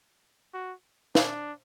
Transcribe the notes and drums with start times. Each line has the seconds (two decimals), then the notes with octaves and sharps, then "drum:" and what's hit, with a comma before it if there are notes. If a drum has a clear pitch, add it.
0.54 F#4
1.15 D4, drum: snare